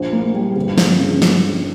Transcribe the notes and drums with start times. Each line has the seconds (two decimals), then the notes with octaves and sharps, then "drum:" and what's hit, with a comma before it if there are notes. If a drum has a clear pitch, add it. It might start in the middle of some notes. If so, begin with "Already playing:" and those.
Already playing: A#1 C5
0.12 A#3
0.34 G3
0.56 G1
0.78 G1, drum: snare
0.99 C#3
1.22 drum: snare